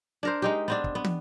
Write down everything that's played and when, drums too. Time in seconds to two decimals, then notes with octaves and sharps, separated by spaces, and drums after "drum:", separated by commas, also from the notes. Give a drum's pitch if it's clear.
0.23 D4 A#4 C5
0.42 G#3 D#4 G4
0.68 B3 C4 D4
0.84 drum: kick
0.95 B3
1.04 drum: tom